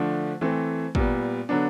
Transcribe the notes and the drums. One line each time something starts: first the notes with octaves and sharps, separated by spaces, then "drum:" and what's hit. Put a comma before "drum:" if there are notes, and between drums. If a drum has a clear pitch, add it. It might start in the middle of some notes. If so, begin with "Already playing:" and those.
Already playing: D3 F3 A3 D4
E3 A3 C4
A#2 G3 B3, drum: kick
D3 F#3 B3 D4